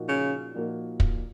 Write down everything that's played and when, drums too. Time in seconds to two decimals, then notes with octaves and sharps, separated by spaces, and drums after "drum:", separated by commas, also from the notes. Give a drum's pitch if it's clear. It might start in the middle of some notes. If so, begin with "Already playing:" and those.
Already playing: A#2 F3 A#3 D#4 F#4
0.08 C#3
0.54 A#2 F3 A#3 D#4 F#4
1.00 drum: kick